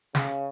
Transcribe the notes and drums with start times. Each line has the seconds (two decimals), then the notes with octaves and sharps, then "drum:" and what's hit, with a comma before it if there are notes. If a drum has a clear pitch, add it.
0.15 C#3, drum: snare